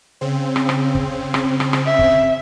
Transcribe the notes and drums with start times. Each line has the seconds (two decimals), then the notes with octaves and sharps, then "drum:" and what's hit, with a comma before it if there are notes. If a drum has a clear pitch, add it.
0.21 C#3 C4
0.56 drum: rim click
0.69 drum: rim click
0.95 drum: kick
1.34 drum: rim click
1.60 drum: rim click
1.73 drum: rim click
1.86 E5
1.99 drum: kick